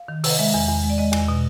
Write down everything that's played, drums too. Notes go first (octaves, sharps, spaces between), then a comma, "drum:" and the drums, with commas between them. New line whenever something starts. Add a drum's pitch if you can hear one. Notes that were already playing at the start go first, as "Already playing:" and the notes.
Already playing: F5
D#3
C3, drum: open hi-hat
D#5
G#3 E5
E2
E2
G#3
D5
G#3 D#5
E2, drum: cymbal
B2